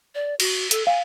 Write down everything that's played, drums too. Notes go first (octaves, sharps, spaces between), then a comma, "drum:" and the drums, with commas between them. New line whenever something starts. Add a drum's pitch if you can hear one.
D5
F#4, drum: cymbal
A4, drum: hi-hat
F5 G#5